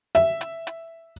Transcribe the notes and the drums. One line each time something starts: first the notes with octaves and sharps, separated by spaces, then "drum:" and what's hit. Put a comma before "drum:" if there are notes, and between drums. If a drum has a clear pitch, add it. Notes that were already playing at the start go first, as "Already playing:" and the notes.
E5, drum: hi-hat
drum: hi-hat
drum: hi-hat